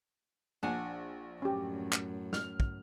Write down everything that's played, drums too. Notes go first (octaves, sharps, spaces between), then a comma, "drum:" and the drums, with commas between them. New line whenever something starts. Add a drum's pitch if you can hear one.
A#1 D4 F#5 G#5
F#2 A2 C#4 G4
drum: clap
F6, drum: snare
drum: kick